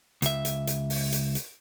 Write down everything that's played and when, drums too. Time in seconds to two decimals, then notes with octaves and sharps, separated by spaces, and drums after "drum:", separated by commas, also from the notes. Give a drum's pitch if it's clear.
0.22 C#2 E5, drum: hi-hat
0.45 drum: hi-hat
0.67 drum: hi-hat
0.90 drum: open hi-hat
1.12 drum: hi-hat
1.35 drum: hi-hat